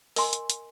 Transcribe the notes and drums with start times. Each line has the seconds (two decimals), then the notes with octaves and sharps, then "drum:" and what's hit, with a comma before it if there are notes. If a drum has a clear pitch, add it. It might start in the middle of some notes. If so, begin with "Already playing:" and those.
0.16 A#4 D#5 G#5 C6, drum: open hi-hat
0.33 drum: hi-hat
0.50 drum: hi-hat